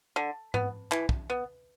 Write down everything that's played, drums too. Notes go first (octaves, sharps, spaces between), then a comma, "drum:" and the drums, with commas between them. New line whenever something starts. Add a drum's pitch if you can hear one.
D3
B3, drum: tom G#2
E3, drum: clap
drum: kick
B3